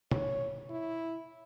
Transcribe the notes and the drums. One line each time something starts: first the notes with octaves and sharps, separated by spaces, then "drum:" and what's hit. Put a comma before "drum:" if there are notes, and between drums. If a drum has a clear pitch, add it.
C#5, drum: tom
E4